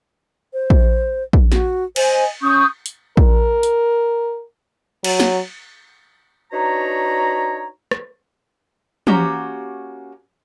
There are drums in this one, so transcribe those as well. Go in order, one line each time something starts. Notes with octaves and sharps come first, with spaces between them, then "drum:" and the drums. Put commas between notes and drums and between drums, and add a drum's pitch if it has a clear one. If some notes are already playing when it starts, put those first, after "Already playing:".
C5
drum: kick
drum: kick
F#4, drum: snare
C5 D#5 G#5, drum: cymbal
C#4 C#6 D#6 G6
drum: hi-hat
A#4, drum: kick
drum: hi-hat
F#3, drum: cymbal
drum: snare
D4 D#4 F#4 B4 C#5 A#5
drum: rim click
A#3 C#4 F#4 G4 A#5, drum: tom